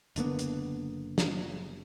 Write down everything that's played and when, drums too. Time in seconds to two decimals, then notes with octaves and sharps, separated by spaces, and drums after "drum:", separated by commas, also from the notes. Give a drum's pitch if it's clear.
0.16 F#1 D3 A#3 B3, drum: hi-hat
0.39 drum: hi-hat
1.18 drum: snare